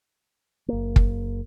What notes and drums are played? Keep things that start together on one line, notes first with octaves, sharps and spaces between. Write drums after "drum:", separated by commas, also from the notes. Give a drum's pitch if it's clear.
F#1 A#3
drum: kick